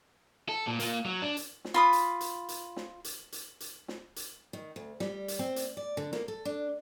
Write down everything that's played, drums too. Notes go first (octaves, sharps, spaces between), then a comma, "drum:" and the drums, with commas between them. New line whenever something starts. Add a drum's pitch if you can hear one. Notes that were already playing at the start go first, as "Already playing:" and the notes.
A4
A#2
A#3 F4, drum: hi-hat
F#3
D4
drum: hi-hat
drum: snare
F4 B5 D#6
drum: hi-hat
drum: hi-hat
drum: hi-hat
drum: snare
drum: hi-hat
drum: hi-hat
drum: hi-hat
drum: snare
drum: hi-hat
D#3
D2
G3, drum: snare
drum: hi-hat
C4
drum: hi-hat
D5
D3
A#3, drum: snare
A4
D4